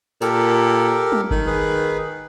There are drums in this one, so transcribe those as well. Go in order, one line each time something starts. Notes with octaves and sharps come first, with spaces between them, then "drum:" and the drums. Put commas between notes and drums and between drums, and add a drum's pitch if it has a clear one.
A#2 G4 A4 A#4, drum: tambourine
drum: tom
D#3, drum: kick G1
G#4 B4